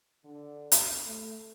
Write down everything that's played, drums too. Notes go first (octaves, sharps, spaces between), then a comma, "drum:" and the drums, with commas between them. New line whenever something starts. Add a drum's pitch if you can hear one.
D3
D3, drum: hi-hat
A3